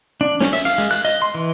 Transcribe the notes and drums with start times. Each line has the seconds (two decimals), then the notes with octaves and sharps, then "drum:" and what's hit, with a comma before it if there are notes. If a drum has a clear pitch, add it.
0.21 D4
0.41 C#4, drum: snare
0.53 E5, drum: hi-hat
0.65 F5, drum: hi-hat
0.78 G#3, drum: hi-hat
0.91 F#6, drum: hi-hat
1.05 D#5, drum: hi-hat
1.22 C6
1.35 E3